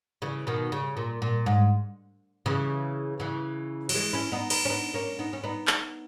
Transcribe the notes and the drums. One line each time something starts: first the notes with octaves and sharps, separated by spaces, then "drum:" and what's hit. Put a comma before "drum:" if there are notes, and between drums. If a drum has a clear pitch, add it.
C#3 E3
B2 D#3
C#3
A#2
A#2
G#2
C#3 E3
C#3 E3
F#3, drum: cymbal
E3 G#3
C#4 E4
B3 D#4
B3 D#4, drum: cymbal
C#4
B3 D#4
A#3 C#4
B3 D#4
C#4
B3 D#4
drum: clap